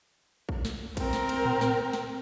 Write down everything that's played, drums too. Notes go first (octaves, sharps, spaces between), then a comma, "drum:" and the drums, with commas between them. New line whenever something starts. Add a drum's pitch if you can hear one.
drum: kick
drum: snare
C4 A#4, drum: kick, cymbal
drum: snare
drum: cymbal
drum: tom A2
drum: snare
drum: snare